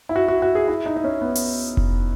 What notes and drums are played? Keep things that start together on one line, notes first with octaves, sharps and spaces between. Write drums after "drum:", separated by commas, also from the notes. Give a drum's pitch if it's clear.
E4
F#4
F#4
F#4
G#4
E4
D#4
D#4
C#4
B3
drum: open hi-hat
drum: kick F1